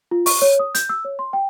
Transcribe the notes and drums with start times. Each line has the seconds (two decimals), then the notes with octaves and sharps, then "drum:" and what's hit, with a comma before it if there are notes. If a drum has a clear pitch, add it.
0.11 F4
0.26 C#6, drum: open hi-hat
0.42 C#5
0.59 D#6
0.75 G6, drum: hi-hat
0.89 E6
1.05 C#5
1.19 C6
1.33 G5